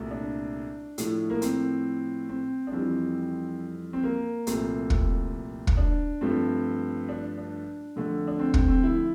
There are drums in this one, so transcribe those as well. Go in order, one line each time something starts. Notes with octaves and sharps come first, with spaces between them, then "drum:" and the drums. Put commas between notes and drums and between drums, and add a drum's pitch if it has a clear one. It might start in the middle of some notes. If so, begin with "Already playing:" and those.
Already playing: C2 A#2 A3
D4
A2 F3 A3, drum: hi-hat
A#3
C4, drum: hi-hat
C4
D4
F2 E3 G3 C4
C4
A#3
C2 A#2 F3 A3 C4, drum: hi-hat
C4, drum: kick
drum: kick
D4
G2 F3 A3 C4
D4
D4
F2 D3 A3
D4
C4
C4, drum: kick
C4
E4